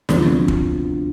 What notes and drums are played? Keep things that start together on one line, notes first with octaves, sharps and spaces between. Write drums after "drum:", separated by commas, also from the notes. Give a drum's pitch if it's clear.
D2 C3 F3 B3, drum: snare
drum: kick